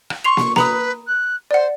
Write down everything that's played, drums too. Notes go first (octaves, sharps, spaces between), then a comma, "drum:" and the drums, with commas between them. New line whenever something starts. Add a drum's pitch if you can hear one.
drum: rim click
C6 C#6 C7 F7
drum: snare
B4 A#5 B5 D#6, drum: snare
F#6
C5 D5 F#5